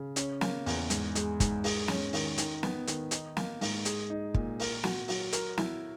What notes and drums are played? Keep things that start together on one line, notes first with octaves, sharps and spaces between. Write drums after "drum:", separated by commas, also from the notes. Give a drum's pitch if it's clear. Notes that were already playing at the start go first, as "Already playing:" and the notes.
Already playing: C#3
C#4, drum: hi-hat
A#3, drum: snare
E2, drum: open hi-hat
G#2, drum: hi-hat
G#3, drum: hi-hat
G#2, drum: kick, hi-hat
G#4, drum: open hi-hat
C#4, drum: snare
D#3, drum: open hi-hat
D#3, drum: hi-hat
B3, drum: snare
D#3, drum: hi-hat
D#4, drum: hi-hat
A#3, drum: snare
G#2, drum: open hi-hat
G#4, drum: hi-hat
D#4
A#2, drum: kick
A#4, drum: open hi-hat
F#4, drum: snare
F#3, drum: open hi-hat
A#4, drum: hi-hat
E4, drum: snare